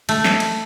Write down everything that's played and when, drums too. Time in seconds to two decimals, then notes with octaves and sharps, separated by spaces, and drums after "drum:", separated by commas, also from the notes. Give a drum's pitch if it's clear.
0.09 A3, drum: cymbal
0.24 drum: snare
0.40 drum: cymbal